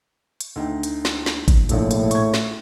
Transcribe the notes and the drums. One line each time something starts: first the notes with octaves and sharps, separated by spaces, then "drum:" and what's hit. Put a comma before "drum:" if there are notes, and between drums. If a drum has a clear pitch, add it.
drum: hi-hat
D2 D#4 G5
drum: hi-hat
drum: snare
drum: snare
drum: kick G#1, hi-hat
E1 A#1 D#2 A2, drum: hi-hat
drum: hi-hat
C#6 G#6, drum: hi-hat
drum: snare